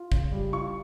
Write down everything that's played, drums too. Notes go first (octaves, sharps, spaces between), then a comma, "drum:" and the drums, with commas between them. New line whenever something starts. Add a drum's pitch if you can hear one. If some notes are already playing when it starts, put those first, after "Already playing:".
Already playing: F4
C#3, drum: kick
G3
F4 C#6